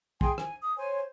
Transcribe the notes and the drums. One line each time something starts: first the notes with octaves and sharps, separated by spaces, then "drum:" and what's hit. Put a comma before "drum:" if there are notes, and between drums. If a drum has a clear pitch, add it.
G#4 G5 G#5 C6, drum: kick
G#5, drum: rim click
D#6
C5 C#5 G#5